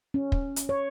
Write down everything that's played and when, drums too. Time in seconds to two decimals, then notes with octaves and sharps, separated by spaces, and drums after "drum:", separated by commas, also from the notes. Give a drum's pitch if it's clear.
0.14 C#4
0.32 drum: kick
0.56 drum: hi-hat
0.69 C#5